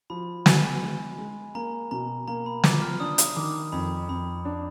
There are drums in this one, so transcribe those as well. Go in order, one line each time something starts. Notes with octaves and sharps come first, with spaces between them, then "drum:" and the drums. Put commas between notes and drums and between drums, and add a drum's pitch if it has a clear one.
F3 B5
F#4 G#5, drum: snare
G#3
G#3
A#3 A#5
B2 A#5
A#3 A#5
B5
F3 D6, drum: snare
F6
D4 D#6
drum: hi-hat
D#3 D6
F2 B5
F2 B5
D4